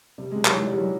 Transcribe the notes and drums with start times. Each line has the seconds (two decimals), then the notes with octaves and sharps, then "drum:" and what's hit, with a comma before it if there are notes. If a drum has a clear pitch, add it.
0.18 C3 G3
0.32 C3 G#3
0.45 F#3, drum: clap
0.54 E3 G#3
0.67 G3
0.73 E3 F#3
0.82 G3